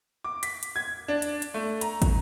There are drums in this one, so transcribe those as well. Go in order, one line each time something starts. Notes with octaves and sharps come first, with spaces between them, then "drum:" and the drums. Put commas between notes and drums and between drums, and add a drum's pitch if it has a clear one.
D6
B6, drum: hi-hat
drum: hi-hat
G#6
D4
drum: hi-hat
drum: hi-hat
A3
A#5, drum: hi-hat
drum: kick, hi-hat